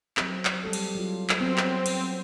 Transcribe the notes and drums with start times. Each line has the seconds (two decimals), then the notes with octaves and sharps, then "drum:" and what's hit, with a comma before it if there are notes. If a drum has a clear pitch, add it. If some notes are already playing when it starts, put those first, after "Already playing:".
0.17 F#3 C4, drum: clap
0.45 drum: clap
0.64 G3 G4 A4
0.73 drum: cymbal
0.95 F#3 F4
1.29 drum: clap
1.40 F#3 B3 C4
1.58 drum: clap
1.86 drum: cymbal